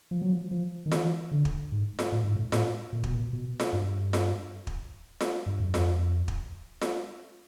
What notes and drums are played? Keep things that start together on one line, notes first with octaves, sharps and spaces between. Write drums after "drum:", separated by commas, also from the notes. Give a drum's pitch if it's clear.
F3
F#3
F3
F3
D#3
E3, drum: snare F4
D3
drum: kick
G#2
drum: snare F4
A2
G#2
A2
A2, drum: snare F4
A#2
B2, drum: kick
A#2
B2
drum: snare F4
G2
drum: snare F4
drum: kick
drum: snare F4
G2
F#2
F2, drum: snare F4
drum: kick
drum: snare F4